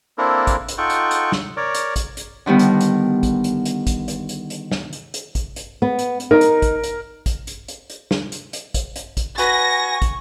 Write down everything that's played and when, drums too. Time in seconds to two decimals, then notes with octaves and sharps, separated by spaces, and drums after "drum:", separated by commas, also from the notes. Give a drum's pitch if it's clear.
0.18 A#3 C4 D4 E4 A4 A#4
0.47 drum: kick, hi-hat
0.68 drum: hi-hat
0.78 D#4 F4 A4 F#5 G5 C#6
0.90 drum: hi-hat
1.11 drum: hi-hat
1.32 drum: snare
1.57 A#4 C#5 D5
1.75 drum: hi-hat
1.96 drum: kick, hi-hat
2.17 drum: hi-hat
2.46 D3 D#3 G3 B3
2.59 drum: hi-hat
2.81 drum: hi-hat
3.23 drum: kick, hi-hat
3.44 drum: hi-hat
3.65 drum: hi-hat
3.87 drum: kick, hi-hat
4.08 drum: hi-hat
4.29 drum: hi-hat
4.50 drum: hi-hat
4.71 drum: snare
4.93 drum: hi-hat
5.14 drum: hi-hat
5.35 drum: kick, hi-hat
5.56 drum: hi-hat
5.82 B3
5.99 drum: hi-hat
6.20 drum: hi-hat
6.31 D#4 A#4
6.41 drum: hi-hat
6.62 drum: kick, hi-hat
6.84 drum: hi-hat
7.26 drum: kick, hi-hat
7.47 drum: hi-hat
7.68 drum: hi-hat
7.90 drum: hi-hat
8.11 drum: snare
8.32 drum: hi-hat
8.53 drum: hi-hat
8.74 drum: kick, hi-hat
8.96 drum: hi-hat
9.17 drum: kick, hi-hat
9.38 F#4 B4 G#5 C#6 A#6, drum: hi-hat
10.02 drum: kick, hi-hat